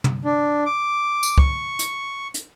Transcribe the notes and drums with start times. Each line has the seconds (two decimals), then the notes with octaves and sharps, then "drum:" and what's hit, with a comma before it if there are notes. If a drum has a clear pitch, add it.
0.04 drum: tom
0.25 D4
0.66 D6
1.23 drum: tambourine
1.38 C#6, drum: kick
1.79 drum: hi-hat
2.34 drum: hi-hat